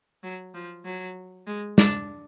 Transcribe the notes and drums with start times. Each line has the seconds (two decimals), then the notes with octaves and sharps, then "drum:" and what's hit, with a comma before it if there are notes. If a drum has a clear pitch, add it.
0.23 F#3
0.54 F3
0.85 F#3
1.47 G#3
1.78 D4, drum: snare